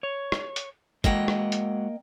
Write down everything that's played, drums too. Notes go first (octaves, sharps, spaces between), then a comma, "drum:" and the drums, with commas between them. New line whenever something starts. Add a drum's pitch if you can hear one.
C#5
drum: rim click
drum: hi-hat
G#3 A#3 F#4 D#5 F#5 G5, drum: kick, hi-hat
drum: rim click
drum: hi-hat